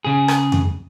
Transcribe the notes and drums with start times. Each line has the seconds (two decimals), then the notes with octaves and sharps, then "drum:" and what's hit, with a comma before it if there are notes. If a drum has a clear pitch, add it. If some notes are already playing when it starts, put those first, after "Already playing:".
0.05 C#3 G#4
0.28 drum: rim click
0.52 drum: tom F2